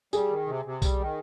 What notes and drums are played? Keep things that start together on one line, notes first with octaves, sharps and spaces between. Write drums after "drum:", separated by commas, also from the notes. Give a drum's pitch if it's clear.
G3 G#4, drum: tambourine
D#3
C3
C3
G3, drum: kick B1, tambourine
D#3